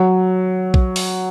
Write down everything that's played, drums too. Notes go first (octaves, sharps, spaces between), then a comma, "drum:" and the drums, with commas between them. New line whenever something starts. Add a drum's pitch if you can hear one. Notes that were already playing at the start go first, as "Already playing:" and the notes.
Already playing: F#3
drum: kick A#1
drum: open hi-hat